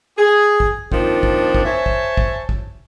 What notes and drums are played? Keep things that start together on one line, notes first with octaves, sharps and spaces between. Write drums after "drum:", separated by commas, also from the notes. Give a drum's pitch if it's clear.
G#4
drum: kick
A#2 D#3 F3 C4 D4, drum: kick
drum: kick
drum: kick
C5 C#5 E5 G#5 A5
drum: kick
drum: kick
drum: kick